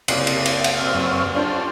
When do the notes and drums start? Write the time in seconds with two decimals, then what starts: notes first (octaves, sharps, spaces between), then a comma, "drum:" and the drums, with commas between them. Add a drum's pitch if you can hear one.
0.08 F#1 C2 C7, drum: cymbal
0.27 drum: cymbal
0.45 drum: cymbal
0.64 drum: cymbal
0.76 B2 C4 F6
0.94 F#2 C4 C#5
1.35 C2 C#4 D4 F4 C5 G5 A5